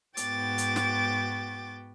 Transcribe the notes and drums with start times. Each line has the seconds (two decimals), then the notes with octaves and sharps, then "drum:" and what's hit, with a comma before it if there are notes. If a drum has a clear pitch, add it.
0.17 G#2 B3 F#4 G5 D6 A6, drum: hi-hat
0.58 drum: hi-hat
0.76 drum: snare